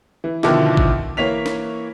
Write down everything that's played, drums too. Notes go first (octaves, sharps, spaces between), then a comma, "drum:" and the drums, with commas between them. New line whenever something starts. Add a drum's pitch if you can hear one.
E3
B2 D3 D#3 F3 E4 D6, drum: snare
drum: kick A1
E3 A#3 C#5 B6 F7
drum: snare